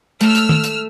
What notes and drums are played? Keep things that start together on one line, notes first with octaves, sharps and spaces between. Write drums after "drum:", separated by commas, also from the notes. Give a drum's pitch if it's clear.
A3 E6 F6, drum: hi-hat
drum: hi-hat
drum: tom D#3
drum: hi-hat